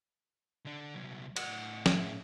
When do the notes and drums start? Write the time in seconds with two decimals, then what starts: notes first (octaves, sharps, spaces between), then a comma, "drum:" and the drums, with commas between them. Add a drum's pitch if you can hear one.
0.65 D3 D4
0.94 C2 F#3
1.36 A2 F#5, drum: cymbal
1.86 C#3, drum: snare